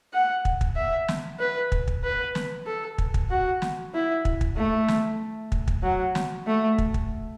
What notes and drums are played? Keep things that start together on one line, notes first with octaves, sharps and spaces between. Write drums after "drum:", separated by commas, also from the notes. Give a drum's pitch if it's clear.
F#5
drum: kick
drum: kick
E5
drum: snare
B4
drum: kick
drum: kick
B4
drum: snare
A4
drum: kick
drum: kick
F#4
drum: snare
E4
drum: kick
drum: kick
A3
drum: snare
drum: kick
drum: kick
F#3
drum: snare
A3
drum: kick
drum: kick